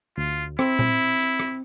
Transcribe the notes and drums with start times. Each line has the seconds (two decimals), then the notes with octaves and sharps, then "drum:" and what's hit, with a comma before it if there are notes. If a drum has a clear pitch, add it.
0.18 D2 F4
0.59 C4 E4, drum: rim click
0.79 drum: tom A#2
1.19 drum: hi-hat
1.40 drum: rim click